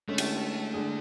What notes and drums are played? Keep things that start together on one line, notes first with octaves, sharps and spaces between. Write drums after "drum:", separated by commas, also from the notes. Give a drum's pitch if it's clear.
D3 G#3 A3 C#4
drum: cymbal
D3 G#3 D4 G#4